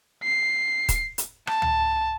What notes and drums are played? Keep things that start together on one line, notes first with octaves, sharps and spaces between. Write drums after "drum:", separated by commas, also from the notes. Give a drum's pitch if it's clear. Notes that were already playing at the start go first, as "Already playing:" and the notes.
C7
drum: kick D#1, hi-hat
drum: hi-hat
A5, drum: rim click
drum: tom C#2